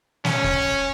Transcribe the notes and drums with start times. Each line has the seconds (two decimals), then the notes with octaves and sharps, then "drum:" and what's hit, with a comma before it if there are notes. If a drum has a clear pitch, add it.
0.25 C#4, drum: snare
0.44 drum: kick